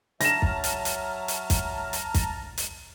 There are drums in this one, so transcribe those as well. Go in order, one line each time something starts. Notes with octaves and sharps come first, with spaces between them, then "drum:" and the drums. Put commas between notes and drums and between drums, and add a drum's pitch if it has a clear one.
F#3 C#5 E5 A5 A#5 F6 A#6 E7, drum: hi-hat
drum: kick
drum: hi-hat
drum: hi-hat
drum: hi-hat
drum: kick, hi-hat
drum: hi-hat
drum: kick, hi-hat
drum: hi-hat